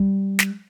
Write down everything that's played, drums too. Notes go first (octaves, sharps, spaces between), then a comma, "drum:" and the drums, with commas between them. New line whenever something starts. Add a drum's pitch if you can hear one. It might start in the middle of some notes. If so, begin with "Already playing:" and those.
Already playing: G3
drum: snare